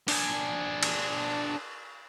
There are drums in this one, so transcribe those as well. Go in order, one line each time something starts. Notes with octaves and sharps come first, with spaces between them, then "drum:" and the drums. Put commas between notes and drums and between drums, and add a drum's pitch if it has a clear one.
D4 G#4, drum: open hi-hat
drum: cymbal